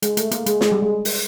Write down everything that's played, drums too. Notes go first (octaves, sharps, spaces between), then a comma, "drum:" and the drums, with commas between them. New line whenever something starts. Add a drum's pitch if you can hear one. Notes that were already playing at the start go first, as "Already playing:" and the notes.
G#3, drum: hi-hat
A3, drum: hi-hat
A#3, drum: hi-hat
G#3, drum: hi-hat
G#3, drum: snare
G3
G#3
drum: open hi-hat